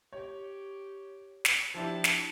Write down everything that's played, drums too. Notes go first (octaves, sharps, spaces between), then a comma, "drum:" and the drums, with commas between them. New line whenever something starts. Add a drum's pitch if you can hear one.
G4 C#5
drum: snare
F3 D4 E4 G4 A5
drum: snare